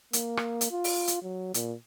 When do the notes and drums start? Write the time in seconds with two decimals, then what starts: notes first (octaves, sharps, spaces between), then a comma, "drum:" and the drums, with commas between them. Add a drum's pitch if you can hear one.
0.13 A#3, drum: hi-hat
0.37 drum: rim click
0.61 drum: hi-hat
0.71 F4
0.84 drum: open hi-hat
1.08 drum: hi-hat
1.22 F#3
1.54 A#2, drum: hi-hat